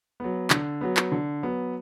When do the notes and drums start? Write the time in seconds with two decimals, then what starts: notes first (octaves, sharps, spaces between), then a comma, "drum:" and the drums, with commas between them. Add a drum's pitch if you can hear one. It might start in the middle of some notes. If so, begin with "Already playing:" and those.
0.20 F#3 B3
0.50 D3, drum: clap
0.81 F#3 B3
0.97 drum: clap
1.12 D3
1.42 F#3 B3